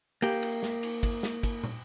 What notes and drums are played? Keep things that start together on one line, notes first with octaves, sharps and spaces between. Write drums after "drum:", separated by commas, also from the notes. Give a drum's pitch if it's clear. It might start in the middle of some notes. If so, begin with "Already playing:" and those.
A#3 G4, drum: cymbal
drum: cymbal
drum: snare
drum: cymbal
drum: kick, cymbal
drum: snare
drum: kick, cymbal
drum: tom